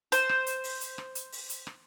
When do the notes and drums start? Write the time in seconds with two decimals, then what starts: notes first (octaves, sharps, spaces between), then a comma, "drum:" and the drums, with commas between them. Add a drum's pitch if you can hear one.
0.12 C5, drum: hi-hat
0.29 drum: rim click
0.47 drum: hi-hat
0.64 drum: open hi-hat
0.81 drum: hi-hat
0.98 drum: rim click
1.15 drum: hi-hat
1.32 drum: open hi-hat
1.50 drum: hi-hat
1.67 drum: rim click